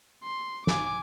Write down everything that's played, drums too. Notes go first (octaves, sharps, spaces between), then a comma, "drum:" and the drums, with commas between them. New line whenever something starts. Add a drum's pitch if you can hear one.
C6
G#5 D6, drum: snare